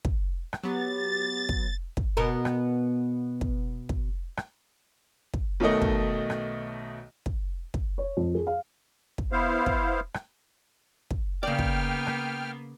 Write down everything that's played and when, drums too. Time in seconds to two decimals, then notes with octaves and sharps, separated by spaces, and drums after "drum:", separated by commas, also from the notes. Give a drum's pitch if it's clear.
0.05 drum: kick
0.53 drum: rim click
0.64 F#3 B3 G4 A6
1.49 drum: kick
1.97 drum: kick
2.17 B2 B3 A#4
2.45 drum: rim click
3.41 drum: kick
3.89 drum: kick
4.37 drum: rim click
5.34 drum: kick
5.60 B1 B2 D#3 A3 D#5
5.82 drum: kick
6.30 drum: rim click
7.26 drum: kick
7.74 drum: kick
7.98 C#5
8.17 F2
8.35 G#4
8.47 F5
9.18 drum: kick
9.32 B3 E4 C5 F5
9.66 drum: kick
10.14 drum: rim click
11.11 drum: kick
11.43 C#3 A#3 B3 D5 G5 F6
11.59 drum: kick
12.07 drum: rim click